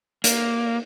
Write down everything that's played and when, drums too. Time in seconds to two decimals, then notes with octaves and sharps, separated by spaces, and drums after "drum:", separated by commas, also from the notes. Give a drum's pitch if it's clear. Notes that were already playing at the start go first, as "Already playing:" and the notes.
0.24 A#3, drum: hi-hat